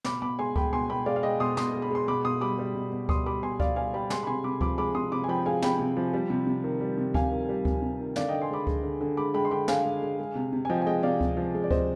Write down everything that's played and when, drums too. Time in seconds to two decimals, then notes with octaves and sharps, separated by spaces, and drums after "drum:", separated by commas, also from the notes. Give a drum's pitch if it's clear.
0.04 B2 B5 D6, drum: snare
0.22 B2 B5 D6
0.39 G#3 G#5 C6
0.56 G#3 G5 B5, drum: kick D2
0.73 B2 G#5 C6
0.90 B2 G5 B5
1.06 G#3 D5 F5
1.16 F5
1.23 G#3 D#5 G5
1.40 B2 C6 D#6
1.57 B2 C6 D#6, drum: snare
1.74 G#3
1.82 B5
1.91 G#3 C6
2.08 B2 B5 D6
2.25 B2 C6 D#6
2.41 G3 B5 D6
2.59 G3
2.75 B2
2.92 B2
3.09 G3 C6 D#6, drum: kick D2
3.26 G3 B5 D6
3.43 B2 G#5 C6
3.60 B2 D5 F5, drum: kick D2
3.76 G3 F5 G#5
3.94 G3 G5 B5
4.10 G#3 G#5 C6, drum: snare
4.23 B5
4.27 C3 G#5 C6
4.44 C3 B5 D6
4.61 F3 B5 D6, drum: kick D2
4.78 G#3 B5 D6
4.95 C3 C6 D#6
5.12 C3 B5 D6
5.24 G#5
5.28 F3 G5 B5
5.46 G#3 F5 G#5
5.62 C3 G5 B5, drum: snare
5.79 C3
5.97 F3
6.13 G3
6.30 C3
6.47 C3
6.64 D#3
6.80 G3
6.98 C3
7.14 C3 F5 G#5, drum: kick D2
7.32 D#3
7.49 G3
7.65 C3, drum: kick D2
7.82 C3
8.00 D#3
8.16 D3 D5 F5, drum: snare
8.28 D3 D#5 G5
8.41 G#5 C6
8.50 G#3 B5 D6
8.67 G#3, drum: kick D2
8.83 D3
9.01 D3
9.17 G#3 B5 D6
9.34 G#3 G5 B5
9.45 C6
9.51 D3 G5 B5
9.68 D3 F5 G#5, drum: snare
9.85 G#3
10.02 G#3
10.19 G#3
10.35 C3
10.53 C3
10.65 G#5
10.69 F3 D#5 G5
10.82 G#5
10.86 G#3 D#5 G5
11.03 C3 D5 F5
11.21 C3, drum: kick D2
11.37 F3
11.54 G#3
11.64 D5
11.71 C3 C5 D#5, drum: kick D2